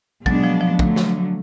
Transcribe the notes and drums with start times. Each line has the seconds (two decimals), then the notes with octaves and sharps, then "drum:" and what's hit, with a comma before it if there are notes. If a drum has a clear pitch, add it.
0.26 B2 F#3 G#3 B3 D4, drum: kick
0.44 F3
0.61 F3
0.79 D3 F#3 A3, drum: kick
0.96 drum: snare